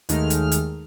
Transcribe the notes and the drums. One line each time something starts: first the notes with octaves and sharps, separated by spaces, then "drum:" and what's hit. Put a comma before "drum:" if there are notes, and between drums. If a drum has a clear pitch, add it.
D#2 D#3 G#3 A3 D#4 F6, drum: hi-hat
drum: hi-hat
drum: hi-hat